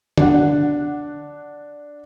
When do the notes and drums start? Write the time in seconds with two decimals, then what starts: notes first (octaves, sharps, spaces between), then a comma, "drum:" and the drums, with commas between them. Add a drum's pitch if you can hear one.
0.17 D4 F#5, drum: tom